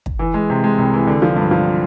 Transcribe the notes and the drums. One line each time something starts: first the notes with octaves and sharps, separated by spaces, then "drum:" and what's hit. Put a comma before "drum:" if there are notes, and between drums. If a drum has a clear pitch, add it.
drum: kick
E3
G#3
C3
G#3
C2
E3
D3
F3
G2
F3